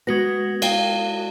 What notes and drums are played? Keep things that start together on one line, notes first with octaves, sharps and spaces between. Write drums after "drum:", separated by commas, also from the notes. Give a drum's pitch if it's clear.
G#3 B3 F#4 A#6
F5 G5, drum: cymbal